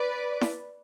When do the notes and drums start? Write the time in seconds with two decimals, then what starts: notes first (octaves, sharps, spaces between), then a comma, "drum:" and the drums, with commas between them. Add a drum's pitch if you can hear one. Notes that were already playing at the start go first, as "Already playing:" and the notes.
Already playing: B4 D5
0.41 drum: snare E4